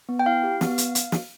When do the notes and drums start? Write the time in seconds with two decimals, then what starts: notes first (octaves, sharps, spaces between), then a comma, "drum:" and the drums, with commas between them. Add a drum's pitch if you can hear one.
0.09 B3
0.19 G5
0.26 E4 F5
0.44 G4
0.61 B3, drum: snare
0.78 drum: hi-hat
0.95 drum: hi-hat
1.12 drum: snare